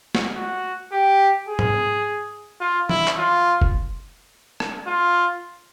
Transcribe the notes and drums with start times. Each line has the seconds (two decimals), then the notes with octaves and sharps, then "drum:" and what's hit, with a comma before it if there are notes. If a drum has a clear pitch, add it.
0.15 drum: snare
0.36 F#4
0.92 G4
1.49 G#4
1.59 drum: tom G#2
2.61 F4
2.89 E4, drum: tom E3
3.08 drum: clap
3.18 F4
3.62 drum: kick F1
4.60 drum: rim click
4.87 F4